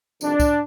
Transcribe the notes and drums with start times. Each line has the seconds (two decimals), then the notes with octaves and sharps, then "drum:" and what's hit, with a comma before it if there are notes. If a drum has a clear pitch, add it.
0.21 F2 C3 D#3 G3 A#3 D4, drum: tambourine
0.40 drum: kick, tambourine